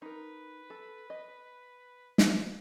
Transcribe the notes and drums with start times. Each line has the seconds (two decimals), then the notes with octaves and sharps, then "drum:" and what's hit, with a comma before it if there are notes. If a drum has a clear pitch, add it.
0.02 D#4 A#4 B4
0.70 A4
1.10 D#5
2.18 drum: snare